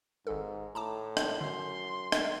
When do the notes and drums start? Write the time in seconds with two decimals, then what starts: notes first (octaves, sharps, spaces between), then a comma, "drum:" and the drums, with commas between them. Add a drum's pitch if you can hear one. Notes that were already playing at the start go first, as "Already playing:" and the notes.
0.27 G#1 G#2 A4
0.75 A2 A5 A#5 D6
1.17 drum: rim click
1.41 F#2 D3 C6
2.12 drum: rim click